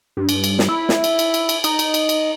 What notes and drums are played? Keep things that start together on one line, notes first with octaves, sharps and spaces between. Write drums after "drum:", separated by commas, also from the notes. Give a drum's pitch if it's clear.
G2
drum: cymbal
drum: cymbal
drum: snare
E4
drum: snare
drum: cymbal
drum: cymbal
drum: cymbal
drum: cymbal
D#4, drum: cymbal
drum: cymbal
drum: cymbal
drum: cymbal